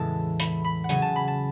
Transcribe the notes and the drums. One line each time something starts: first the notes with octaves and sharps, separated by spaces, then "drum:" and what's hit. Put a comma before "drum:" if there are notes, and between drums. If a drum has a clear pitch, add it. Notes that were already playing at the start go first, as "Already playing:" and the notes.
Already playing: E2 A2 C#3 E3 G#3 E5 A5
B5, drum: hi-hat
B5
F#5
C#3 F#3 C#4 G#5, drum: hi-hat
A5
B5
A5